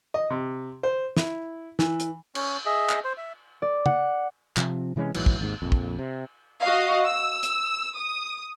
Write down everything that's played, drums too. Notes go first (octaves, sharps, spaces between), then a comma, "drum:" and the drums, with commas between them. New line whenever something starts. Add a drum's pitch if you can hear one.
D#5
C3
C5
E4, drum: snare
E3, drum: snare
drum: hi-hat
C#4 C#5, drum: cymbal
G#4 D#5 E5
drum: clap
C5
E5
D5
F#5, drum: tom
C3 F3, drum: clap
C3 E3 G#3 C#4
A#1 G#2 E3 F#3, drum: cymbal
drum: kick
G#1 D#2 G#2
A#1 F2
drum: kick
C3
F#4 D#5 F5
E6
drum: hi-hat
D#6